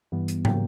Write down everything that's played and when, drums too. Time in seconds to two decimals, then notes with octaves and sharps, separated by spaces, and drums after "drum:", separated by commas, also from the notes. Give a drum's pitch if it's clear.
0.12 G2 E3 G3 B3
0.28 drum: hi-hat
0.45 C#3 F#3 A#3 G5, drum: tom